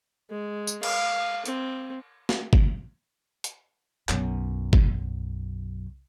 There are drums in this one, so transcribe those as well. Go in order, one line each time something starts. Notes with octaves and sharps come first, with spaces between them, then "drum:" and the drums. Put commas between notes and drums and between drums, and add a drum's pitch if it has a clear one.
G#3
drum: tambourine
F5, drum: cymbal
C4, drum: hi-hat
drum: snare
drum: kick G1
drum: hi-hat
B1 F#2, drum: clap
drum: kick G1